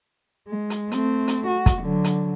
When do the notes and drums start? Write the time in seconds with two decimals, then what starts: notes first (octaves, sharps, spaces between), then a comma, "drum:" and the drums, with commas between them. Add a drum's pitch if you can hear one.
0.48 G#3
0.70 drum: hi-hat
0.91 A3 C4, drum: hi-hat
1.28 drum: hi-hat
1.47 F#4
1.66 drum: kick, hi-hat
1.82 D3 F#3
2.04 drum: hi-hat